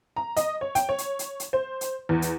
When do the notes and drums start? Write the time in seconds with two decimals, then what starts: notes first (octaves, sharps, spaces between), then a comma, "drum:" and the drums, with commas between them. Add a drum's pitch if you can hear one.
0.16 A#5
0.37 D#5, drum: hi-hat
0.61 C#5
0.75 G5, drum: hi-hat
0.89 C#5
0.98 drum: hi-hat
1.19 drum: hi-hat
1.40 drum: hi-hat
1.53 C5
1.81 drum: hi-hat
2.09 E2
2.22 drum: hi-hat